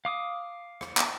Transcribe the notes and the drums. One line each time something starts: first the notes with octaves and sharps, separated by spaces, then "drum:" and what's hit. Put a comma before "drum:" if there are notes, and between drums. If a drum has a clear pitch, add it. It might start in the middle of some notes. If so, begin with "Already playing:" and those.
F5 D6 D#6
drum: rim click
drum: clap